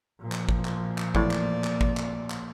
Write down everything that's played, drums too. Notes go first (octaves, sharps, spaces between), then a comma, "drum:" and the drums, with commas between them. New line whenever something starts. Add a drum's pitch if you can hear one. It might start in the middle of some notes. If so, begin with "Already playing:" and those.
A#2 F3
drum: clap
drum: kick G#1
drum: clap
drum: clap
E2 A2 A#3 D5, drum: kick G#1
drum: clap
drum: clap
drum: kick G#1
drum: clap
drum: clap